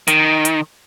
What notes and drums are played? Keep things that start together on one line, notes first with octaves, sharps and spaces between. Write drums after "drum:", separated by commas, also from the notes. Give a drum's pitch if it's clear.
D#3, drum: hi-hat
drum: hi-hat